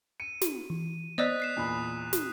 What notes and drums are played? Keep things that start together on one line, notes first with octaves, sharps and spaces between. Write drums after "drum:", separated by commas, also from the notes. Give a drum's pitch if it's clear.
C#7 D#7
drum: snare
E3
B3 C5 D5 D#5 D#6 E6 F#6 B6
F#6 C7 E7
E2 A#2 B5
drum: snare